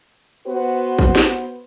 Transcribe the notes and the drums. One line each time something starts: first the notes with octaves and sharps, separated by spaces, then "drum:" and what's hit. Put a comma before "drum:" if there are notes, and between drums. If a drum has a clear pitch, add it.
B3 F#4 B4 C5
drum: kick
drum: snare